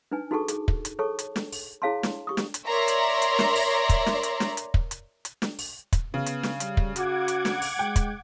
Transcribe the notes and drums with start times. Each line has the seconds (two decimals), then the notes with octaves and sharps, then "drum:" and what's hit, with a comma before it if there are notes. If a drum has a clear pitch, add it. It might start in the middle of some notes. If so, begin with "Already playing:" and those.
0.11 D4 D#4 B4 G#5
0.31 D#4 F#4 G#4 A4 A5 C#6
0.48 G#4, drum: hi-hat
0.68 drum: kick
0.85 drum: hi-hat
0.99 G#4 A4 C#5 A5 C#6
1.19 drum: hi-hat
1.36 drum: snare
1.52 drum: open hi-hat
1.82 E4 G#4 C#5 F5 A5 C6
2.03 drum: snare
2.27 G4 C#6 D#6
2.37 drum: snare
2.54 drum: hi-hat
2.66 A#4 C#5 D5 E5 A#5 C6
2.88 drum: hi-hat
3.22 drum: hi-hat
3.39 drum: snare
3.56 drum: open hi-hat
3.89 drum: kick, hi-hat
4.06 drum: snare
4.23 drum: hi-hat
4.40 drum: snare
4.57 drum: hi-hat
4.74 drum: kick
4.91 drum: hi-hat
5.25 drum: hi-hat
5.42 drum: snare
5.59 drum: open hi-hat
5.93 drum: kick, hi-hat
6.14 C#3 B3
6.26 drum: hi-hat
6.43 drum: snare
6.60 G3, drum: hi-hat
6.77 drum: kick
6.96 F#4 F#5 D6 G#6, drum: hi-hat
7.28 drum: hi-hat
7.45 drum: snare
7.62 drum: open hi-hat
7.79 G#3 G5
7.96 drum: kick, hi-hat